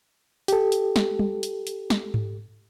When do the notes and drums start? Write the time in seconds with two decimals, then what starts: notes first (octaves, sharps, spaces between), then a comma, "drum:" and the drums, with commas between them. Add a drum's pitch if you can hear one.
0.48 G4 A4, drum: hi-hat
0.72 drum: hi-hat
0.96 drum: snare
1.19 drum: tom G3
1.43 drum: hi-hat
1.67 drum: hi-hat
1.90 drum: snare
2.14 drum: tom G#2